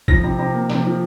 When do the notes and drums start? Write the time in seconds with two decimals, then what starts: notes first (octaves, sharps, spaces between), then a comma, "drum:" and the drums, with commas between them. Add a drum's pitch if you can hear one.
0.08 F3 A#6, drum: kick
0.23 C3
0.39 C3
0.54 A#3
0.70 C3, drum: snare
0.85 F3